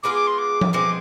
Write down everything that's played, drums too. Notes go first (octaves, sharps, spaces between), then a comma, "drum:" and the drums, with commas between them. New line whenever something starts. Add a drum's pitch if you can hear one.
G#3 B3 F4 G#4 D6
D6
C6
D6
drum: tom F3
B2 G#3 C4 D6